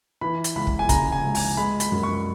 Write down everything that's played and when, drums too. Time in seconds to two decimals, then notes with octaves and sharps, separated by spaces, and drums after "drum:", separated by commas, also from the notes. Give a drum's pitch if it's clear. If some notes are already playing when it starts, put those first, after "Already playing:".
0.21 E3 B5
0.44 drum: hi-hat
0.55 C#2 B5
0.67 drum: kick
0.79 G#5
0.89 C#3 A#5, drum: kick, hi-hat
1.12 G#5
1.24 C#2
1.35 G#5, drum: open hi-hat
1.57 G#3 B5
1.80 B5, drum: hi-hat
1.92 F#2
2.03 C#6